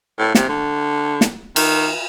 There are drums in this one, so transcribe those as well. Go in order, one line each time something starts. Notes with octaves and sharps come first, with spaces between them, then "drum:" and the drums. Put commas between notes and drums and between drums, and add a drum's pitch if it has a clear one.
A2
C3, drum: snare
D3
drum: snare
D#3, drum: cymbal